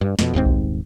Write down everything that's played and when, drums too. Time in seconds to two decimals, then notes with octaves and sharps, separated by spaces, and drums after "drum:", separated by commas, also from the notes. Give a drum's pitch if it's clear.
0.01 G2
0.19 F2 B2, drum: snare
0.34 D#1 D#2 G#2 C4
0.46 drum: kick B1